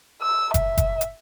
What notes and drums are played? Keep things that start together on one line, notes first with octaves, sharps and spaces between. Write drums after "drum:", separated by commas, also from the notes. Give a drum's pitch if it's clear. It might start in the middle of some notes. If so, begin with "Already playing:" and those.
E6
E5, drum: kick F#1, hi-hat
drum: kick F#1, hi-hat
drum: hi-hat